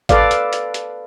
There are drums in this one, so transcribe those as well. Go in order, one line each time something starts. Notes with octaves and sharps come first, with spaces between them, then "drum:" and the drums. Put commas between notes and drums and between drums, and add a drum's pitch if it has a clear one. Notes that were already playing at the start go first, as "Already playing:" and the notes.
A4 B4 D5 F5, drum: kick G#1, hi-hat
drum: hi-hat
drum: hi-hat
drum: hi-hat